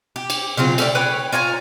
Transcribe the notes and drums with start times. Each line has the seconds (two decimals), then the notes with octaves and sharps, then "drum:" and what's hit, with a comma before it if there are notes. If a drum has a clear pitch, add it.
0.16 G4
0.30 drum: cymbal
0.57 C#3 F#3 C4 F4
0.78 A3 G4 D5, drum: cymbal
0.95 B4 C#5 G5
1.32 F4 C#5 G#5 A#5